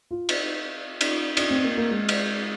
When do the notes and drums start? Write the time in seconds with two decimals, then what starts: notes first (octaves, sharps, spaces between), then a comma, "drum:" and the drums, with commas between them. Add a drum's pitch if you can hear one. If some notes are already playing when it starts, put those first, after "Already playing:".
0.11 F4
0.29 drum: cymbal
1.01 drum: cymbal
1.37 D4, drum: cymbal
1.50 C4
1.63 A#3
1.77 A#3
1.91 G#3
2.09 drum: cymbal